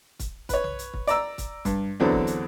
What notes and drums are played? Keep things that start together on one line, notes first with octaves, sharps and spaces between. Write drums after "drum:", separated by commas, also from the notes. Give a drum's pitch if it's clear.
drum: kick, hi-hat
B4 C#5, drum: kick, hi-hat
drum: tom B1
drum: hi-hat
drum: kick
D5 A#5 E6, drum: hi-hat
drum: kick, hi-hat
G2, drum: kick, hi-hat
E2 D3 F#3 C4 D4
drum: kick
drum: hi-hat